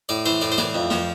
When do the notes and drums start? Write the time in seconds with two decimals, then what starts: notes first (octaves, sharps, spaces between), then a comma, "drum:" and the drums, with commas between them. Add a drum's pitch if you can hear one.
0.09 A2 D5
0.26 E3 C5
0.41 A2 D5
0.52 C5
0.58 E3 D5, drum: snare
0.75 F2
0.90 F3, drum: snare